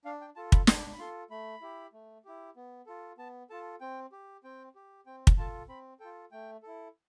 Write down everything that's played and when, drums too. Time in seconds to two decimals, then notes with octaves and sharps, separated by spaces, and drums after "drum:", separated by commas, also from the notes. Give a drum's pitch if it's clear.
0.05 D4 F5
0.21 G5
0.36 F4 A4 A5
0.52 B5, drum: kick
0.67 D4 C6, drum: snare
0.93 B5
0.99 F4 A4 C6
1.30 A3 B5
1.61 E4 G4
1.93 A3
2.25 E4 G4
2.56 B3
2.86 F4 A4
3.18 B3 A5
3.50 F4 A4 A5
3.81 C4 G5
4.12 G4
4.44 C4 G5
4.76 G4
5.06 C4 G5
5.27 drum: kick
5.37 F4 A4 A5
5.69 C4 B5
6.00 F4 A4 G5
6.32 A3 G5
6.63 E4 A4